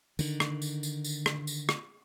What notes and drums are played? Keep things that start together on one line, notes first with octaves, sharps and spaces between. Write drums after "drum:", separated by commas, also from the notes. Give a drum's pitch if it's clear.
D3 D#3, drum: tambourine
drum: rim click
drum: tambourine
drum: tambourine
drum: tambourine
drum: rim click
drum: tambourine
drum: rim click